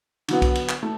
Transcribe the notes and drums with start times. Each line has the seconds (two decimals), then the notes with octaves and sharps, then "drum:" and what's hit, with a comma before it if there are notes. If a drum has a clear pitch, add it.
0.28 D3 F#3 B3, drum: cymbal
0.42 drum: kick B1, cymbal
0.55 drum: cymbal
0.69 drum: clap
0.83 A3